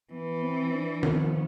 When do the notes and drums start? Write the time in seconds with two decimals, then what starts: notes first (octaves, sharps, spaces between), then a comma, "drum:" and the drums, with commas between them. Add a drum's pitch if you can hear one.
0.12 E3 B3
0.42 C4
0.73 D4
1.03 F3 B3, drum: tom D#3